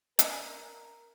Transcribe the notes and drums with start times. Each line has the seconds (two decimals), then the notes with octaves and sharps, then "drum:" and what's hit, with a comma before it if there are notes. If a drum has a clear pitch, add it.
0.19 A#4 D5 F#5 A5, drum: hi-hat